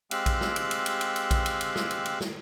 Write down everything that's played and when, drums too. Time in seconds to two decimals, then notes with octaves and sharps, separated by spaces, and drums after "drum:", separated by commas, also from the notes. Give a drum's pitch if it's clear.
0.11 G#3 C4 G4 F5 E6 F#6, drum: cymbal
0.26 drum: kick A#1, cymbal
0.41 drum: snare
0.56 drum: cymbal
0.71 drum: cymbal
0.86 drum: cymbal
1.01 drum: cymbal
1.16 drum: cymbal
1.31 drum: kick A#1, cymbal
1.46 drum: cymbal
1.61 drum: cymbal
1.76 drum: snare
1.91 drum: cymbal
2.06 drum: cymbal
2.20 drum: snare